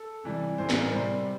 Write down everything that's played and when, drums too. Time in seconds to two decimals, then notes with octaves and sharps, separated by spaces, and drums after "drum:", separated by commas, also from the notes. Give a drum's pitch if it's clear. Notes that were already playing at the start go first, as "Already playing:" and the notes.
Already playing: A4
0.24 C3 E3 G3
0.58 A2 E3 G3 C5
0.70 C5, drum: snare
0.81 A#4
0.92 C3 G3 C5